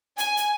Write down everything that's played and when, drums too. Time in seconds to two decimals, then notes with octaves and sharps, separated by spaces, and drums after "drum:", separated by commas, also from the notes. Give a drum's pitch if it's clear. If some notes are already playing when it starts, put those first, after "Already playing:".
0.18 G#5, drum: hi-hat
0.37 drum: hi-hat